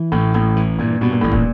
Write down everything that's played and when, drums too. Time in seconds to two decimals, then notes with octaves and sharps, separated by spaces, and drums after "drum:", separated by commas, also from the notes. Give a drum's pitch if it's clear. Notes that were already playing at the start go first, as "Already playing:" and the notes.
Already playing: E3
0.12 A1 A2
0.34 A1 A2
0.56 E3
0.79 G2 A#2
1.01 G2 B2
1.12 A#2
1.21 A1 A2
1.32 A#2, drum: kick